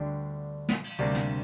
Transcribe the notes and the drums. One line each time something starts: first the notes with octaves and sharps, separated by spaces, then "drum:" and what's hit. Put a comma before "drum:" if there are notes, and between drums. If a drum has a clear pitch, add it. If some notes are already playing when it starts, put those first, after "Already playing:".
Already playing: D2 D3 G3 D4 G4
drum: snare
drum: cymbal
D2 C3 G3 A#3 D4
drum: snare